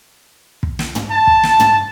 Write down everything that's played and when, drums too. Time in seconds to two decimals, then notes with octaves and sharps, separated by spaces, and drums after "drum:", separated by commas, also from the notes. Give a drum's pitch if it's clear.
0.63 drum: kick
0.79 drum: snare
0.95 drum: tom
1.11 A5
1.27 drum: kick
1.43 drum: snare
1.60 drum: tom